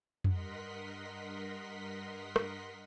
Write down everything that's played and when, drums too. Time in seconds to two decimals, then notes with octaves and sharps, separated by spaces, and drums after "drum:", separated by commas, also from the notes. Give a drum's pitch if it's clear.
0.24 G2 A#4 D#5 F#5 C6 B6, drum: tom F2
2.36 drum: rim click